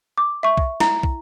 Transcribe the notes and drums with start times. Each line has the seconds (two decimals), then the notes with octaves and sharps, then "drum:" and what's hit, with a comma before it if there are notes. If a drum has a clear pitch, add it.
0.18 D6
0.43 E5 C#6
0.57 drum: kick
0.80 E4, drum: snare
1.03 drum: kick